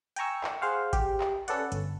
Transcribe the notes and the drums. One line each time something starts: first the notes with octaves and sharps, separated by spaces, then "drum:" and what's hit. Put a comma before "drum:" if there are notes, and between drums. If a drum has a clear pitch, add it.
G5 G#5 A#5 C#6 E6, drum: hi-hat
drum: clap
G#4 C5 F5 F#5
G4, drum: kick G#1, hi-hat
drum: clap
C#4 A4 B4 D5 F#5, drum: hi-hat
G1, drum: hi-hat